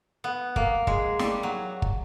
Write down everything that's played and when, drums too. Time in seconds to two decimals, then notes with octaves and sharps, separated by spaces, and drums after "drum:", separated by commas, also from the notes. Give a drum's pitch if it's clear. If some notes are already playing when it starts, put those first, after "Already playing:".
0.24 B3
0.56 A#3, drum: kick
0.87 G#3, drum: kick
1.19 G3, drum: snare
1.43 F#3
1.82 drum: kick